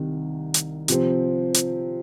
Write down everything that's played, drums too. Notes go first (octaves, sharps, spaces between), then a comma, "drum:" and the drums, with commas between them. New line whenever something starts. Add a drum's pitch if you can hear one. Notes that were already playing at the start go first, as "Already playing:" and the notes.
Already playing: C2 C3 D#3
drum: hi-hat
C3 F3 C4, drum: hi-hat
drum: hi-hat